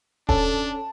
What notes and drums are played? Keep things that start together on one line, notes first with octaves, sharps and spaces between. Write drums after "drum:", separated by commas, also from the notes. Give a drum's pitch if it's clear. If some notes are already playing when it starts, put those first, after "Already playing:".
C#4 D4 A4 A5, drum: kick D#1